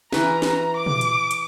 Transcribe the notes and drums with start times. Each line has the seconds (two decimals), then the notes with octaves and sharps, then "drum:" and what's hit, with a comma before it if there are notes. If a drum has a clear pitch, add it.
0.12 E3 C#4 B4 A#5, drum: snare
0.42 drum: snare
0.76 D6
0.86 drum: tom
1.01 drum: hi-hat
1.31 drum: hi-hat